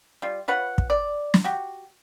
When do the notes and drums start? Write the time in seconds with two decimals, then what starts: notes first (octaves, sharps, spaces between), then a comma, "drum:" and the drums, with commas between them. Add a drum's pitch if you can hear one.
0.22 G3 F4
0.48 F4 B4 C#5 F#5
0.78 drum: kick
0.90 D5
1.34 drum: snare
1.44 F#4 G4